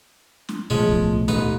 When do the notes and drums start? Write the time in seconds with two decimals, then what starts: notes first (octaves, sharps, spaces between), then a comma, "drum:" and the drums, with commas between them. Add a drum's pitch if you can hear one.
0.49 drum: snare
0.70 D1 B2 F3 G#3 A3 C#4
0.88 drum: kick C2
1.28 A1 D#4 B4, drum: snare